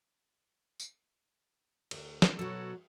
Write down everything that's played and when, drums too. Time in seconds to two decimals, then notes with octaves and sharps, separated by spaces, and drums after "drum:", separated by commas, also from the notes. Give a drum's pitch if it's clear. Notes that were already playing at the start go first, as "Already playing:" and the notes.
0.80 drum: tambourine
1.91 D2, drum: cymbal
2.22 drum: snare
2.39 B2 F#3 F#4 A4 C#5